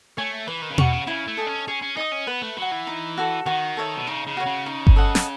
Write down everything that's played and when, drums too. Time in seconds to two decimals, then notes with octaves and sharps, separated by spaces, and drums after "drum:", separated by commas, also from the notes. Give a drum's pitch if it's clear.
0.17 A3 C#5 G#5
0.47 E3 B4
0.62 D#3
0.70 C#3
0.78 D#3 F#5 C#6, drum: tom B2
0.85 B2
0.93 C#3
1.07 C#3 E4
1.28 A3
1.37 A4 D#5 G#5
1.47 C#4
1.68 C#4 G#4
1.82 C#4
1.97 D#4 D#5 A5 D#6
2.12 C#4
2.27 B3 B4
2.42 A3
2.57 F#3 F#5 B5
2.71 E3
2.87 D#4
3.17 F#4 A4
3.46 D#3 F#4
3.77 A4 C#5 E5
3.97 B2
4.07 C#3 D#4
4.27 C#3
4.37 F#4 C#5
4.46 C#3
4.66 D#4
4.87 drum: kick G1
4.96 A4 D#5 F#5
5.15 drum: snare